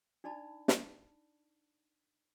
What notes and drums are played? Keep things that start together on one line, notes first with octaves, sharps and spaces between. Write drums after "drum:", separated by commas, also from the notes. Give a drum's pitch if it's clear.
D4 D#4 D5 A5 B5
drum: snare